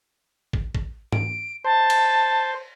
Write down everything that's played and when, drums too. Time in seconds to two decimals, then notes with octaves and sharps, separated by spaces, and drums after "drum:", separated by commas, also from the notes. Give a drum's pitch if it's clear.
0.53 drum: kick
0.75 drum: kick
1.12 D7, drum: tom G#2
1.65 C5 A5
1.90 drum: cymbal